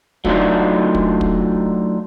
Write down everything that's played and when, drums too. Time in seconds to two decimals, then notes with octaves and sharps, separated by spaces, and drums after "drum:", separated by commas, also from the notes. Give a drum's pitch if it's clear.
0.25 F#3 A3 D4 D#4 F4, drum: kick
0.95 drum: kick
1.21 drum: kick